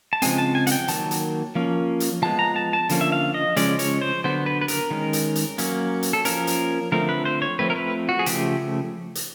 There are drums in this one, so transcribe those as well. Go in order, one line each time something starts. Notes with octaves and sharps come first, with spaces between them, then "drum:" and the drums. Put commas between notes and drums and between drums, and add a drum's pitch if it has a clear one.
A5
C#3 F3 G#3 C4 G#5, drum: hi-hat
A5
G#5
F#5, drum: hi-hat
G5
D#3 F#3 A#3 A5, drum: hi-hat
drum: hi-hat
F3 A#3 C#4
drum: hi-hat
F3 G#3 B3 A5
A#5
A5
A5
D3 F3 A#3 C#4, drum: hi-hat
E5
F5
D#5
C#3 F3 G#3 C#4 D5, drum: hi-hat
C#5, drum: hi-hat
C5
D3 F#3 B3 C5
B4
B4
A#4, drum: hi-hat
D#3 G#3 C#4
drum: hi-hat
drum: hi-hat
F#3 A#3 C#4, drum: hi-hat
drum: hi-hat
A4
F3 A#3 C#4 A#4, drum: hi-hat
drum: hi-hat
D3 F3 A3 C4 A#4
B4
C5
C#5
F3 A3 C4 B4
A#4
B4
F#4
G#4
C#3 F3 A3 G4, drum: hi-hat
drum: hi-hat